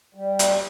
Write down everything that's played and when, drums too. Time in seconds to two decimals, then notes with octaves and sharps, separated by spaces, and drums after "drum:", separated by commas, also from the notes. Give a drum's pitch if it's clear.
0.15 G3
0.39 drum: hi-hat